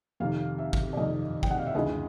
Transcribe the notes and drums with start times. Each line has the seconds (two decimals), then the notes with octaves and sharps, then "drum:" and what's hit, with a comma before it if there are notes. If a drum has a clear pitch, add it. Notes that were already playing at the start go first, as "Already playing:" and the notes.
0.20 F2 C3 D#3 F5
0.58 E5
0.73 drum: kick G#1
0.93 D5
0.97 F2 C3 D#3 D#5
1.43 G5, drum: kick G#1
1.51 F#5
1.59 F5
1.66 E5
1.75 D2 C#3 E3 D#5